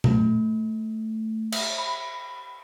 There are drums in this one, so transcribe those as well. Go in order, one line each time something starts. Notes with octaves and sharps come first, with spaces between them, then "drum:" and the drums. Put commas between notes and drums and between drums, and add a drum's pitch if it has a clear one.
A3, drum: tom A#2
E5, drum: cymbal
B5